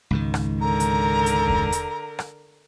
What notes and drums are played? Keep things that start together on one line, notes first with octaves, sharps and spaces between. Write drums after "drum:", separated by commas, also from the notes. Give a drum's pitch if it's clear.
C#2 G#2 D#3
drum: rim click
D3 A#4 A#5
drum: hi-hat
drum: hi-hat
drum: kick E2
drum: hi-hat
drum: rim click